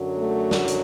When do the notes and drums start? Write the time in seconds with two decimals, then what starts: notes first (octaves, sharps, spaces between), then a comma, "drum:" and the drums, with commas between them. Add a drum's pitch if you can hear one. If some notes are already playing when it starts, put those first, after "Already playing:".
Already playing: F#2 D3 F#3
0.19 A3
0.51 drum: snare
0.68 drum: hi-hat